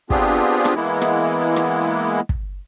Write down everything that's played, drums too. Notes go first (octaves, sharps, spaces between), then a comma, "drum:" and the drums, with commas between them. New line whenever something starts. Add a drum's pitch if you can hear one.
B3 C4 D4 F4 G4 G#4, drum: kick
drum: rim click
E3 G#3 A#3 B3 E4
drum: rim click
drum: rim click
drum: kick